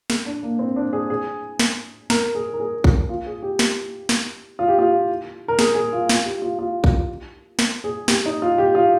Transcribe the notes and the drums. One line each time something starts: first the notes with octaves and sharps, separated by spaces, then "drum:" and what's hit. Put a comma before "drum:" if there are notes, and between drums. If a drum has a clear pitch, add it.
G#4, drum: snare
D4
A#3
C4
D4
G#4
G#4
drum: snare
A#4, drum: snare
G#4
A#4
G#4
drum: kick A#1
F4
G#4
G4
drum: snare
drum: snare
F4
G4
F4
A#4
G#4, drum: snare
G#4
F4
F4, drum: snare
G4
F4
F4
drum: kick A#1
drum: snare
G#4
G4, drum: snare
D#4
F4
G4
F4